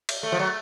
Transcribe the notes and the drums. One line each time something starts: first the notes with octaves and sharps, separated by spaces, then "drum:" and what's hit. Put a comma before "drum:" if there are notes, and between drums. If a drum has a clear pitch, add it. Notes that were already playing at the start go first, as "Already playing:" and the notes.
drum: cymbal
A3
F3
F#3